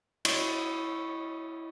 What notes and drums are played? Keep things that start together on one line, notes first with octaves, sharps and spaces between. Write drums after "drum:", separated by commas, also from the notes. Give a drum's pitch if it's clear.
E4 C#5 D#5, drum: cymbal